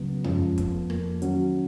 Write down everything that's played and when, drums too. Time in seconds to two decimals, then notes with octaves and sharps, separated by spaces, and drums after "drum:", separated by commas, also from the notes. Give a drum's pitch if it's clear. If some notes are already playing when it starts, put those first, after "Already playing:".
Already playing: C#2 C#3 F#3 B3
0.24 F#2 F3 G#3 C#4 F4, drum: tom E2
0.58 F2 F3 B3, drum: kick, hi-hat
0.90 F2 F3 A#3, drum: rim click
1.22 D#3 F#3 C#4 F#4, drum: hi-hat